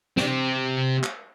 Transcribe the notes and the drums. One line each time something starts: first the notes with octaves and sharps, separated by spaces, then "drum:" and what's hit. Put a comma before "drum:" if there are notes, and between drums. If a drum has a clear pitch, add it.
C3 C4, drum: snare
drum: clap